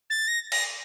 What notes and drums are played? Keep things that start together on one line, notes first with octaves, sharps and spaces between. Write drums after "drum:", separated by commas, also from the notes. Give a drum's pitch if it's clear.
A6
A#6
A#6, drum: cymbal